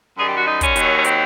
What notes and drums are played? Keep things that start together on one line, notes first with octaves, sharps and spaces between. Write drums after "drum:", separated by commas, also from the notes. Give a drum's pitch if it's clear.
F#2 D#3 G3 G#4
G4
F#4
D#4
C#4, drum: kick, hi-hat
D#2 D#3 F#3, drum: hi-hat
C#4
C4, drum: hi-hat